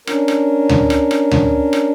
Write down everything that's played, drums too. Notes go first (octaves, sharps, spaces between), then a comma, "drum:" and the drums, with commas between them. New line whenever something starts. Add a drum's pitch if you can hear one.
C#4 D4 A#4, drum: rim click
drum: rim click
drum: tom D2
drum: rim click
drum: rim click
drum: tom D2
drum: rim click